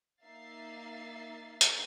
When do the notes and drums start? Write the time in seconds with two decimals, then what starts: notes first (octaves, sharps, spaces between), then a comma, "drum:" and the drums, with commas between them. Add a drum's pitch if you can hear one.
0.23 A#3 D#4 E5 F5 A6 C7
1.61 drum: hi-hat